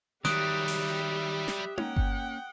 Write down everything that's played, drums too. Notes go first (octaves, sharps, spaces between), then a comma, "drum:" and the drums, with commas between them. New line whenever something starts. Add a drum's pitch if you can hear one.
D#3 F#3 G3 G4 E5 D#6 F#6 D7, drum: snare
drum: open hi-hat
drum: snare
A#3 C#4 C#5 F#5 G5, drum: tom D#4
drum: kick G1